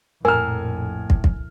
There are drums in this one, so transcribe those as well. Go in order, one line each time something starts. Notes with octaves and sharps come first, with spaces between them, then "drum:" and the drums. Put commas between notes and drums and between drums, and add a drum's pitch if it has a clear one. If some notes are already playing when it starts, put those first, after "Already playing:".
A#1 F2 A2 A#4 G#5 A#5 F6
drum: kick
drum: kick